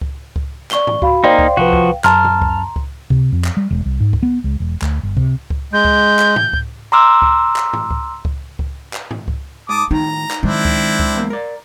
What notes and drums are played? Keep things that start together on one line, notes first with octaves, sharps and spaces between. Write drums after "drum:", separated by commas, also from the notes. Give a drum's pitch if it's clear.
drum: kick C#2
drum: kick C#2
D5 C#6 G7, drum: clap
drum: tom G#2
F#4 F5 B5, drum: kick C#2
A#3 D#4 C5 D5 F5 G5 C6
drum: kick C#2
C2 F3 F#4 B4
drum: kick C#2
F#2 A5 A#5 C6 F6, drum: clap
drum: tom A#2
drum: kick C#2
drum: kick C#2
C3, drum: kick C#2
F2
drum: clap
G3
E1
C2
G#2
drum: kick C#2
B3
C#2
E1
D2, drum: clap
G1
C3, drum: kick C#2
drum: kick C#2
G#3 G6
drum: kick C#2
drum: clap
drum: tom G#2
drum: kick C#2
A#5 C6 D6 E6 F6
drum: kick C#2
drum: clap
drum: tom G#2
drum: kick C#2
drum: kick C#2
drum: kick C#2
drum: clap
drum: tom G#2
drum: kick C#2
G#2 A5 D6 D#6
A2 D#3 D#4 A#5
drum: clap
D#3 F#3 G#3 C4 D4 E4
drum: kick C#2
drum: kick C#2
E2 A#3
A#4 D5